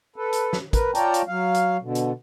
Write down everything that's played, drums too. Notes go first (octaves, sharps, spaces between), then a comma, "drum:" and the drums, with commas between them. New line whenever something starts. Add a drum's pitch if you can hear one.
A4 B4
drum: hi-hat
drum: snare
A#4 B4, drum: kick, hi-hat
F4 C#5 D5 G5 A5 A#5, drum: hi-hat
drum: hi-hat
F#3 F5
drum: hi-hat
B2 D3
drum: hi-hat